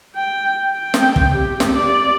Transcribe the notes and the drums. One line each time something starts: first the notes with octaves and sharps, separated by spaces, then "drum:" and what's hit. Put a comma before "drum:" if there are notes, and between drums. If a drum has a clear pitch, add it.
G5
G5
drum: snare
drum: kick
G4
drum: snare
D5